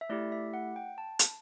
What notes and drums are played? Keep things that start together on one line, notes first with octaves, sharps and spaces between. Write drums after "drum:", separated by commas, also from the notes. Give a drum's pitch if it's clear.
E5
A3 E4 G4 D5
E5
F#5
G5
A5
drum: hi-hat